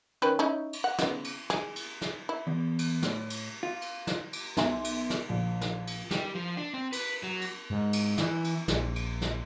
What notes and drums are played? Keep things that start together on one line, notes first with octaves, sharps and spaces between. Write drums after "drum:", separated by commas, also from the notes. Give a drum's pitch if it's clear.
D#3 C#4 B4
C#4 D#4 E4
drum: cymbal
F#5
C#3 B3, drum: snare
drum: cymbal
G#4, drum: snare
drum: cymbal
drum: snare
E4
E2
drum: cymbal
A2, drum: snare
drum: cymbal
F4
drum: cymbal
drum: snare
drum: cymbal
B1 E5 G#5 C6, drum: snare
drum: cymbal
drum: snare
A#1
drum: snare
drum: cymbal
G3, drum: snare
F3
D4
C4
B4, drum: cymbal
F#3
drum: cymbal
G#2
drum: cymbal
E3, drum: snare
drum: cymbal
A#1, drum: snare
drum: cymbal
drum: snare